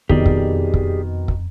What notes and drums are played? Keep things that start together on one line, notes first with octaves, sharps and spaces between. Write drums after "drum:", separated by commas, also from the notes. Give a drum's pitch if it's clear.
F2 B2 D#3 G4 G#4 D5, drum: kick
drum: kick
drum: kick
drum: kick